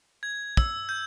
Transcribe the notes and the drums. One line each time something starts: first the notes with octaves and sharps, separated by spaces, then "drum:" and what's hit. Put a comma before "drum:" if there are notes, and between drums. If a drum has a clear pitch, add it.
G#6
E6, drum: kick
G6